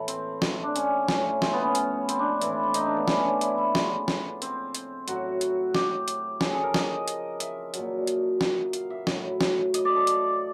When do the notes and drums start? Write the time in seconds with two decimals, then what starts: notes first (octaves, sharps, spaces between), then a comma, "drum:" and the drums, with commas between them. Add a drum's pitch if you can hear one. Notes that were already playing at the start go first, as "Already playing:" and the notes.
Already playing: A2 E3 A3
0.08 C4, drum: hi-hat
0.42 drum: snare
0.63 D4
0.76 C#4, drum: hi-hat
1.08 A2 F3, drum: snare
1.42 C4, drum: snare
1.53 B3
1.64 C#4
1.75 drum: hi-hat
2.09 C4, drum: hi-hat
2.19 D4
2.42 A2 E3 E4, drum: hi-hat
2.53 F4
2.63 F4
2.74 D#4, drum: hi-hat
2.85 D4
2.97 B3
3.08 C#4, drum: snare
3.25 D4
3.41 E4, drum: hi-hat
3.58 E4
3.75 C#3 F3 F4, drum: snare
4.08 drum: snare
4.42 C4, drum: hi-hat
4.75 drum: hi-hat
5.08 A2 F#3 F#4, drum: hi-hat
5.41 drum: hi-hat
5.75 G4, drum: snare
6.08 drum: hi-hat
6.41 C#3 F3 G#4, drum: snare
6.52 A4
6.63 A#4
6.74 D#5, drum: snare
7.08 drum: hi-hat
7.40 E5, drum: hi-hat
7.74 A#2 F#3, drum: hi-hat
8.07 drum: hi-hat
8.41 drum: snare
8.73 F5, drum: hi-hat
8.90 E5
9.07 A2 F#3, drum: snare
9.41 drum: snare
9.74 D#5, drum: hi-hat
9.85 D5
9.96 A4
10.07 drum: hi-hat